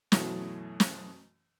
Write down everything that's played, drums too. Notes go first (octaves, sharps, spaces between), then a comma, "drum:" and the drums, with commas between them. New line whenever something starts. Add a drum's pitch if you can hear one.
F#2 B2 E3 F#3 A3 F#4, drum: snare
drum: snare